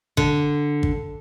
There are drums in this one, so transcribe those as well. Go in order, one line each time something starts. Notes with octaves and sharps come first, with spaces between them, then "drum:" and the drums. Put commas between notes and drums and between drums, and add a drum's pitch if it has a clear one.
D3, drum: kick
drum: kick